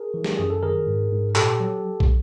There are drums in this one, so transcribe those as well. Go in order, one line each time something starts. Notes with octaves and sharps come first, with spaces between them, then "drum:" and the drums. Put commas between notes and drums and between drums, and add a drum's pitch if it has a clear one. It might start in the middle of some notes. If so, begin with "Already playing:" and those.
Already playing: G#4 A#4
E3
G4, drum: snare
F#2 G#4
A4
D#3 G#4 A#4
G#2
G#2
A#2 G4 A4, drum: clap
F#3
drum: kick